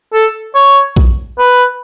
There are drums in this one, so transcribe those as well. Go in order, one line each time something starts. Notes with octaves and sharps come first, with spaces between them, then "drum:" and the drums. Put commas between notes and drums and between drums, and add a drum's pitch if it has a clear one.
A4
C#5
drum: kick A#1
B4